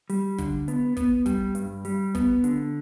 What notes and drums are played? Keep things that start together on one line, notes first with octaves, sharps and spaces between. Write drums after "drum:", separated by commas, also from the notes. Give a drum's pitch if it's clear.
G3, drum: open hi-hat
D3, drum: kick, hi-hat
B3, drum: hi-hat
B3, drum: kick, hi-hat
G3, drum: kick, hi-hat
G2, drum: hi-hat
G3, drum: open hi-hat
B3, drum: kick, hi-hat
D3, drum: hi-hat